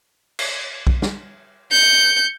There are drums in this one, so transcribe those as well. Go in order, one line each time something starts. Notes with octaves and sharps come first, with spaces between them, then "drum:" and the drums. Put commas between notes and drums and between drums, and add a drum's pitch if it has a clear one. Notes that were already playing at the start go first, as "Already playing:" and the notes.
drum: cymbal
drum: kick B1
drum: snare
G6 C#7